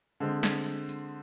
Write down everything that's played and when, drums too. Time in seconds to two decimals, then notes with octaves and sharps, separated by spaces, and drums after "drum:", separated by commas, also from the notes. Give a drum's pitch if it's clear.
0.20 D3 G#3 C4
0.43 drum: snare
0.66 drum: tambourine
0.89 drum: tambourine